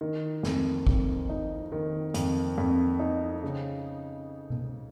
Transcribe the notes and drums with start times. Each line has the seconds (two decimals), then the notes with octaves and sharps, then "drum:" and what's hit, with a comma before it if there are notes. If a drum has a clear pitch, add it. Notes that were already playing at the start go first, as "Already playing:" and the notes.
0.01 D#3
0.43 F2, drum: snare
0.87 F2, drum: kick
1.29 D#4
1.72 D#3
2.14 F2, drum: hi-hat
2.58 F2
2.99 D#4
3.43 C#3
4.50 drum: tom B2